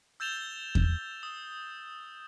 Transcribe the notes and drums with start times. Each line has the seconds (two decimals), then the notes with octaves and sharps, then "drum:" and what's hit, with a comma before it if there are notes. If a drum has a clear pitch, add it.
0.20 E6 G6 A6 E7 F7 G7
0.75 drum: kick E2
1.23 D#6